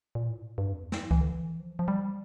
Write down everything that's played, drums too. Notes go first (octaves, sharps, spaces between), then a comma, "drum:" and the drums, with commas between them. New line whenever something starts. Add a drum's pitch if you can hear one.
A#2
A2
G2
F2
E2
F2, drum: snare
G2
E3, drum: kick C#2
D3
E3
F3
F3
G3